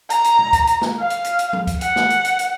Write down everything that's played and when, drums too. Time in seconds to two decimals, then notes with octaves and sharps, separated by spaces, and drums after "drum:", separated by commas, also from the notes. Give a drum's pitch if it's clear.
0.10 A#5, drum: hi-hat
0.24 drum: hi-hat
0.39 drum: tom B2
0.53 drum: kick, hi-hat
0.67 drum: hi-hat
0.81 drum: snare
0.99 F5
1.10 drum: hi-hat
1.24 drum: hi-hat
1.39 drum: hi-hat
1.53 drum: tom F3
1.67 drum: kick, hi-hat
1.81 F#5, drum: hi-hat
1.96 drum: snare
2.10 drum: hi-hat
2.24 drum: hi-hat
2.39 drum: hi-hat